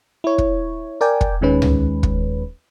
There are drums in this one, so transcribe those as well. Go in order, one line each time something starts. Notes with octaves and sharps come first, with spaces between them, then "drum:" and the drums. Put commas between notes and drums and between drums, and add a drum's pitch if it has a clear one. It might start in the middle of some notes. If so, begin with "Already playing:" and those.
E4 C#5
drum: kick
A#4 D5 G5 G#5
drum: kick
D#2 D#3 G#3 C#4 B4
drum: tom C#2
drum: kick